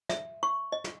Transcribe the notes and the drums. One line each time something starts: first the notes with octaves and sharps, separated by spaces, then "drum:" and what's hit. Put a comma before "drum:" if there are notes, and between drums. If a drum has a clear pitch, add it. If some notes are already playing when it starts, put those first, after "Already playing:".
E5, drum: snare
C#6
D#5
drum: snare